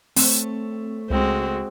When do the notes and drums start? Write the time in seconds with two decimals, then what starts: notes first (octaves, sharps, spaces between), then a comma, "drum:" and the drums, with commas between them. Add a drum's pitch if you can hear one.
0.16 A3 C4 C#5, drum: open hi-hat
1.10 C#2 G#3 C4 F#4